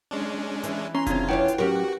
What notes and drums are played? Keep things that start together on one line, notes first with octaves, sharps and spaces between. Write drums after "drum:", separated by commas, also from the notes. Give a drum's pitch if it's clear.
G#3 C#4 D4
E3, drum: hi-hat
C#4 G#5 A#5 C6
C2 C#3 C4 D4 F4 C#5, drum: kick F1, hi-hat
E2 C#4 D4 E4 B4 F#5 G5
drum: hi-hat
A2 F#3 C#4 F#4 G4 A#4